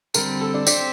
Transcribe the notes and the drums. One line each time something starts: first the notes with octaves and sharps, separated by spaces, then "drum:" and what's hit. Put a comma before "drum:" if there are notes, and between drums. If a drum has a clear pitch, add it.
D3 G3 C4 A#4, drum: tambourine
A4
D4
C4 D4 G4 C5, drum: tambourine